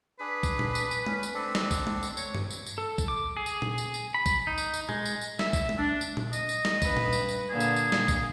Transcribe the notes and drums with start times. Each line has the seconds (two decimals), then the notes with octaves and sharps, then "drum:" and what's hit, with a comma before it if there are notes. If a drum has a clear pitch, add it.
0.20 D4 G#4 B4
0.43 drum: kick, tambourine
0.59 drum: tom A#2
0.75 drum: tambourine
0.91 drum: tambourine
1.06 C#4, drum: tom
1.23 drum: tambourine
1.34 C4 D4 A4
1.55 drum: snare
1.71 drum: kick, tambourine
1.87 drum: tom
2.03 drum: tambourine
2.17 C#5, drum: tambourine
2.35 drum: tom
2.50 drum: tambourine
2.66 drum: tambourine
2.78 A4
2.98 drum: kick, tambourine
3.08 D6
3.37 G#4
3.46 drum: tambourine
3.62 drum: tom A#2
3.78 drum: tambourine
3.94 drum: tambourine
4.14 B5
4.26 drum: kick, tambourine
4.47 D#4
4.58 drum: tambourine
4.74 drum: tambourine
4.89 G#3, drum: tom
5.05 drum: tambourine
5.21 drum: tambourine
5.39 E5, drum: snare
5.53 drum: kick, tambourine
5.69 drum: tom
5.78 D4
6.01 drum: tambourine
6.17 drum: tom A#2
6.33 D#5, drum: tambourine
6.49 drum: tambourine
6.65 drum: snare
6.82 G2 B4, drum: kick, tambourine
6.97 drum: tom A#2
7.13 drum: tambourine
7.29 drum: tambourine
7.50 A#2 D3 G#4
7.60 drum: tambourine
7.76 drum: tambourine
7.92 drum: snare
8.08 drum: kick, tambourine